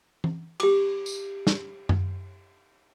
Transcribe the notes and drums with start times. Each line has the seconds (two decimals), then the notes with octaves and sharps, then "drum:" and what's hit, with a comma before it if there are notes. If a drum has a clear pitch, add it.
0.24 drum: tom E3
0.60 G4 D6, drum: cymbal
1.06 drum: tambourine
1.47 drum: snare
1.89 drum: tom F#2